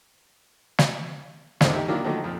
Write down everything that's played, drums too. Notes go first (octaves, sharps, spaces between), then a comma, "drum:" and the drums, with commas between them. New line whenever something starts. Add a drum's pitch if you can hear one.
drum: snare
D#2 G#2 D3 D#3 A#3 C4, drum: snare
D#4 G4 E5
D#3 F#3 A#3 D4 E4 F4
D3 D#3 F3 F#3 A3 D#4
F2 A#2 F3